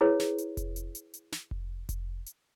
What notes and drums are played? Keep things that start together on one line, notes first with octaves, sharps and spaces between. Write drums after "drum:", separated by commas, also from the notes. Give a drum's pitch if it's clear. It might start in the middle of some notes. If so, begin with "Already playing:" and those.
E4 G#4 B4 C#5
drum: snare
drum: hi-hat
drum: kick F1, hi-hat
drum: hi-hat
drum: hi-hat
drum: hi-hat
drum: snare
drum: kick F1
drum: kick F1, hi-hat
drum: hi-hat